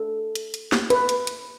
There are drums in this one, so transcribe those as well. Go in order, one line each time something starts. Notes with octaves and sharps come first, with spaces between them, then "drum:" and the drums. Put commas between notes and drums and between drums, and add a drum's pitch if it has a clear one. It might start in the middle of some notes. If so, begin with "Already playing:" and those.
Already playing: A4
drum: hi-hat
drum: hi-hat
drum: snare
B4, drum: hi-hat
drum: hi-hat
drum: hi-hat